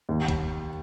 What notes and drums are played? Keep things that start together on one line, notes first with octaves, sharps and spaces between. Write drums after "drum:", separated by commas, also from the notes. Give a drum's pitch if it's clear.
D#2
drum: kick, cymbal